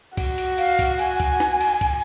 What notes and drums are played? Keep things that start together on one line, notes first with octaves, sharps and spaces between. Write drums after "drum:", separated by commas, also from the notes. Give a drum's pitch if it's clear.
F#4, drum: kick, cymbal
drum: cymbal
F5, drum: cymbal
drum: kick, cymbal
G#5, drum: cymbal
drum: kick, cymbal
drum: snare
drum: cymbal
drum: kick, cymbal